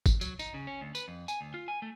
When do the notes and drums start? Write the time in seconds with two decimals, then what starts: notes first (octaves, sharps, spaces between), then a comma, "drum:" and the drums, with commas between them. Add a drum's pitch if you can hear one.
0.06 drum: kick, tambourine
0.21 F#3, drum: tambourine
0.39 D#4, drum: tambourine
0.54 C#3
0.67 C#4
0.81 D2
0.95 B4, drum: tambourine
1.08 F2
1.28 G#5, drum: tambourine
1.41 D2
1.54 F4
1.68 G#5
1.82 A3